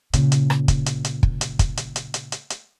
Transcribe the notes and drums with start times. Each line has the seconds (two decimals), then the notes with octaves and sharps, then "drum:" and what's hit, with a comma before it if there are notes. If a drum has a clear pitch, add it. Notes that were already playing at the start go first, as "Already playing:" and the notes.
0.13 A#2 C#3, drum: hi-hat
0.32 drum: hi-hat
0.50 drum: rim click
0.68 drum: kick, hi-hat
0.86 drum: hi-hat
1.05 drum: hi-hat
1.23 drum: kick
1.41 drum: hi-hat
1.59 drum: kick, hi-hat
1.77 drum: hi-hat
1.96 drum: hi-hat
2.14 drum: hi-hat
2.32 drum: hi-hat
2.50 drum: hi-hat